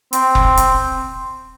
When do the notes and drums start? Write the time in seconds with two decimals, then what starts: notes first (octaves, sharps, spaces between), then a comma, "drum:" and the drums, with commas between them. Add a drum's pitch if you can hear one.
0.13 C4, drum: hi-hat
0.35 drum: kick F1
0.57 drum: hi-hat